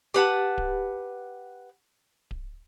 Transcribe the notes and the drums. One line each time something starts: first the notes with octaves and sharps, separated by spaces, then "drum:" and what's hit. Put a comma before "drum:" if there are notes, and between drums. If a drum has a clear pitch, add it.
G4 B4 F#5 A5
drum: kick D1
drum: kick D1